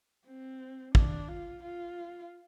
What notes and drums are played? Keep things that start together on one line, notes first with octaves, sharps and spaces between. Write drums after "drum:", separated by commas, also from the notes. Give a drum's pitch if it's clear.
C4
D4, drum: kick
F4
F4